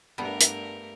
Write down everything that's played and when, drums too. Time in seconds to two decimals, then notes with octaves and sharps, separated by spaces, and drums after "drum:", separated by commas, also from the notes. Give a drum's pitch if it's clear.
0.18 G2 G3 A3 B3 D4 A#4
0.41 drum: hi-hat